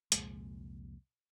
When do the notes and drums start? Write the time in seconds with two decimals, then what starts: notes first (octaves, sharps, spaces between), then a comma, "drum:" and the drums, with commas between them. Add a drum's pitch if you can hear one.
0.12 C2 F2 A#2 G#3, drum: hi-hat